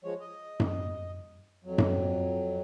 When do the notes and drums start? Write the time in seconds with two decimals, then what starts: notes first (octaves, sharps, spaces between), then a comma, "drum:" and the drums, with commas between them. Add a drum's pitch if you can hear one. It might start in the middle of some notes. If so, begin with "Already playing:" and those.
0.04 F3 G#3 C#5
0.20 D#5
0.60 drum: tom F#2
1.64 F2 F#3
1.78 drum: tom F#2